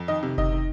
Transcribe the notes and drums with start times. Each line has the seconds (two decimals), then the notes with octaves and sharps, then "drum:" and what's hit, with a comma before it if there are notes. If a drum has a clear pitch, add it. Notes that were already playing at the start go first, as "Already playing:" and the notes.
Already playing: F2
0.08 D#3 D#5
0.23 C3
0.38 D#3 D#5, drum: kick F#1
0.52 D#3